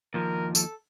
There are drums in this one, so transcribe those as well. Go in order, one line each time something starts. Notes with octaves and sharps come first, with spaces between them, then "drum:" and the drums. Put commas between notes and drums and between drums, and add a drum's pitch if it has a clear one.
D#2 F3 A#4
A4, drum: tambourine